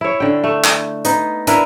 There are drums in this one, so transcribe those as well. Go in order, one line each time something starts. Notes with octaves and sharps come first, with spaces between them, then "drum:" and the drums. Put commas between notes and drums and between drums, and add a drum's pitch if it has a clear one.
E4 C#5
D3 G5
A3
drum: clap
B3 D#4, drum: hi-hat
D4 E4 A#4 B4, drum: hi-hat